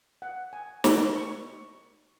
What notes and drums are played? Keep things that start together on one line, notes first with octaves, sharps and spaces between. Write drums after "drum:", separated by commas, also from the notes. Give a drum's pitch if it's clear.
F#5
G#5
A#5, drum: snare
C#6